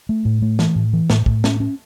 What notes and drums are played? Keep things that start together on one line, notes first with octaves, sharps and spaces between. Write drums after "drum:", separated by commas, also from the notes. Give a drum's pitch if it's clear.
A3
A2
A3
E3, drum: snare
A2
E3
A2, drum: snare
A2, drum: kick
C#4, drum: snare
C#4